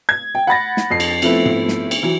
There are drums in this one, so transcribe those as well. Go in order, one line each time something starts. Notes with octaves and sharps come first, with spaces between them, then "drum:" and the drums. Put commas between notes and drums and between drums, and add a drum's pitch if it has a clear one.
G#6
G5
F#5 B5 A6 A#6
drum: snare
F2 C7
drum: cymbal
F3 A3 B3 C4 E4, drum: cymbal
drum: tom G#2
drum: snare
drum: cymbal
E3 F#3